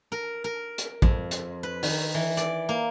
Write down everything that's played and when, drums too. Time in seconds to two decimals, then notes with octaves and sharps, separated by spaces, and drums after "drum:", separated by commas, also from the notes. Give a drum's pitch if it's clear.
0.12 A#4
0.44 A#4
0.78 drum: hi-hat
1.02 F2, drum: kick A1
1.31 drum: hi-hat
1.63 B4
1.83 D#3, drum: open hi-hat
2.15 E3
2.37 D5, drum: hi-hat
2.69 A#3